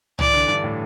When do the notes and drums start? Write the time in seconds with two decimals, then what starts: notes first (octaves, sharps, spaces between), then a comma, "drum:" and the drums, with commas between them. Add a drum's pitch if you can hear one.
0.19 E3 D5, drum: tom C2
0.33 D3
0.48 G2
0.64 A2